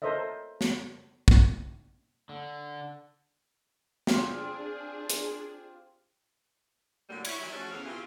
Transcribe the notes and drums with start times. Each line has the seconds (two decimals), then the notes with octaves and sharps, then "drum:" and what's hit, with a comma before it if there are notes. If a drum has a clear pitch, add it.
0.02 A4 A#4 C5 C#5 D#5 E5
0.61 drum: snare
1.28 drum: kick
2.29 D3
4.07 C4 D4 F4 G4 G#4, drum: snare
5.10 drum: hi-hat
7.10 A2 D3 F#3 G3 A3 A#3
7.25 E4 C#5, drum: cymbal
7.40 D#3 E3 F#3 G3 E4
7.52 F3 A3 C#4 F#4 G#4 A4
7.71 E2 C#3 A4 F5
7.86 B2 C4 E4 F4 G4 G#4